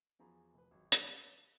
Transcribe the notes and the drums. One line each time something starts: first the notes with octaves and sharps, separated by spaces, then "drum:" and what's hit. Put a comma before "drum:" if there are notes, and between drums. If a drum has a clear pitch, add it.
E2 F3 F#4 G#4 A#5 B5
F1 B4
G#1 F#3
C#3 G3 A3 F#4, drum: hi-hat
E6 F#6 C#7